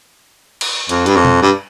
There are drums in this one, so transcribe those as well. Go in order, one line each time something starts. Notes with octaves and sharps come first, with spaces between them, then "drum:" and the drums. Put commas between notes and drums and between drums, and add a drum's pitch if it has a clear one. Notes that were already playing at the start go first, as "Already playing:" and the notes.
drum: cymbal
F2, drum: hi-hat
G2, drum: hi-hat
F2
drum: tom B2
G2